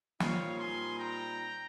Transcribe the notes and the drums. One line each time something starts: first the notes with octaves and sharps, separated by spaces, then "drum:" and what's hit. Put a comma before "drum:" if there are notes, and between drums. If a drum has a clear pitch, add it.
A#2 G3 C4 D#4 C#5 F5, drum: snare
G#5 C6
G5 A#5